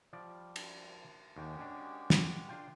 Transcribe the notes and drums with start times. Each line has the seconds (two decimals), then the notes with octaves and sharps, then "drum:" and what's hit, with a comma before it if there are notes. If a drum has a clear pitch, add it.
0.13 F3 G3 D5
0.56 drum: cymbal
1.36 D#2 G#3 F#4 G4 G5
1.58 C#4 D4
2.10 drum: snare
2.49 D4 F4 G5 C6